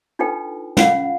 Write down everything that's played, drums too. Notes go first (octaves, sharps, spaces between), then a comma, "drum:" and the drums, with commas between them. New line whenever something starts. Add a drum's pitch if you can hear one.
D4 D#4 F4 A4 B4 G5
C#4 F4 F5 F#5, drum: snare